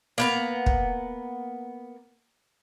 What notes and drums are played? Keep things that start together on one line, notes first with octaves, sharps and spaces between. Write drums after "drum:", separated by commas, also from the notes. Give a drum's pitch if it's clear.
A#3 B3 A#5
drum: kick